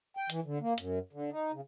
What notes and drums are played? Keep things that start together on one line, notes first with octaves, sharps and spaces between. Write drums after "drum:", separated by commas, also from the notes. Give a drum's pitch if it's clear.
G5
E3, drum: hi-hat
D3
A#3
F#2, drum: hi-hat
D3
D#4
C#3